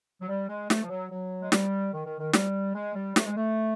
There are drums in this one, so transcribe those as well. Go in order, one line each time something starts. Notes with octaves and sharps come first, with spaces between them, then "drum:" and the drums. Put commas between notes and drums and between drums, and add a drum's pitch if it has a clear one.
F#3
G3
G#3
A3, drum: snare
F3
F#3
F#3
G#3
G3, drum: snare
D#3
D#3
D#3
G3, drum: snare
G#3
G3
A3, drum: snare
G#3
A3